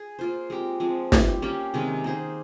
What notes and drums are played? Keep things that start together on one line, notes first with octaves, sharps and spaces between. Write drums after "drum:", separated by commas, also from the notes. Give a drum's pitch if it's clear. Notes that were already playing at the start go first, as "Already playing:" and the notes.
Already playing: G#4
A#3 F4 C5
G#3 C4 G4 A#4
F3 G#3 C4
G3 C4 G4, drum: snare
A#3 C#4 G4
C3 D#3 G#3 C#4
A#3 D#4 G#4 C5